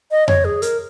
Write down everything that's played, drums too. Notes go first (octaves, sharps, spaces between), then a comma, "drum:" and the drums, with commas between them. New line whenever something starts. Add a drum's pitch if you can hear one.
D#5
C#5, drum: tom F2
G#4
A#4, drum: hi-hat